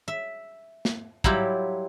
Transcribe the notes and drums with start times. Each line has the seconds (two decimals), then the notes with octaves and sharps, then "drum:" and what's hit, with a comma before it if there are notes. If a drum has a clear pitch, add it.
0.08 E5
0.85 drum: snare
1.24 F#3 G3 E4 F4 G4, drum: kick